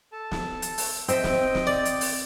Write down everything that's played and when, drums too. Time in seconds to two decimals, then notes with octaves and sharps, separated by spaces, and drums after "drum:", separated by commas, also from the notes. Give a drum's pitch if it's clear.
0.12 A4 A5
0.31 drum: snare
0.62 drum: hi-hat
0.78 drum: open hi-hat
1.08 C4 C5 D#5 E5 G5, drum: hi-hat
1.24 drum: snare
1.55 drum: snare
1.67 D5
1.85 drum: hi-hat
2.01 drum: open hi-hat